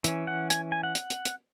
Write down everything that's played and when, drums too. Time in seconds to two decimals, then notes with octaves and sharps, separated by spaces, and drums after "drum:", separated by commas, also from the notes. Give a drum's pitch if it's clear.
0.04 E3 C#4, drum: hi-hat
0.27 F#5
0.50 G#5, drum: hi-hat
0.72 G#5
0.83 F#5
0.95 drum: hi-hat
1.10 drum: hi-hat
1.25 drum: hi-hat